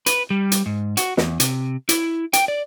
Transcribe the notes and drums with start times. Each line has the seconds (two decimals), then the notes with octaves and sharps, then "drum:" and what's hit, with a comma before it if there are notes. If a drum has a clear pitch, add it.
0.06 B4, drum: hi-hat
0.30 G3
0.52 drum: hi-hat
0.66 G#2
0.97 F#4, drum: hi-hat
1.17 E2, drum: snare
1.40 C3, drum: hi-hat
1.89 E4, drum: hi-hat
2.33 G5, drum: hi-hat
2.48 D5